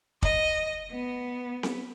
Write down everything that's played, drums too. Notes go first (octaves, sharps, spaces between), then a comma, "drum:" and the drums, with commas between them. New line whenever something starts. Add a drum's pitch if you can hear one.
D#5, drum: kick
B3
drum: snare C4